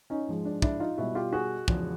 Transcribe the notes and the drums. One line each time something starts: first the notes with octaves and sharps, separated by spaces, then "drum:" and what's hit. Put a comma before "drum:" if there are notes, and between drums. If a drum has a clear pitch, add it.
C#4 D#4
G#2 F3 G#3
D4
D4 E4, drum: kick
D#4 F4
B2 G3 E4 F#4
F4 G4
F#4 G#4
E2 C#3 F3 G#3, drum: kick